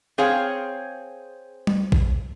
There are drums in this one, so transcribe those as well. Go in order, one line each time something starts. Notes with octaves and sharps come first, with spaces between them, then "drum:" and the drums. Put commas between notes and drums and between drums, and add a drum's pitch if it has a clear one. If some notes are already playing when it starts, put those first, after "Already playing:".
C4 G#4 C#5 F5
drum: tom G3
drum: kick A#1